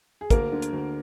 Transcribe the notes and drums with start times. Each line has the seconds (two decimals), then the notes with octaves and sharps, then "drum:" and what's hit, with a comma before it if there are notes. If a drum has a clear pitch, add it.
0.21 G#4
0.30 D2 A#3 A#4, drum: kick, hi-hat
0.52 D3
0.62 drum: hi-hat
0.72 D2